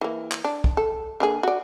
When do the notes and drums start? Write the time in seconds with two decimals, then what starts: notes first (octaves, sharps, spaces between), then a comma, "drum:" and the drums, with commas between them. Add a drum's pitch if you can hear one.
0.01 E3 A#3
0.31 drum: clap
0.44 D4
0.64 drum: kick
0.77 A4
1.20 D3 A#3 G#4
1.43 F#4 D5